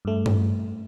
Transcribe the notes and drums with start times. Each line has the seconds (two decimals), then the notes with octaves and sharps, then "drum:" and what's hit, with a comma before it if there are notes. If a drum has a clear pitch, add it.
0.05 G2 A3
0.26 drum: tom G2